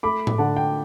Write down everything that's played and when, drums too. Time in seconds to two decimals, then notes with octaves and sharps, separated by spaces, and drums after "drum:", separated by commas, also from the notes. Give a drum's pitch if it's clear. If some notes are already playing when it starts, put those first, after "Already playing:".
0.03 A3 B5 D6
0.27 drum: tom A2
0.38 D3 F#5 A5
0.56 G5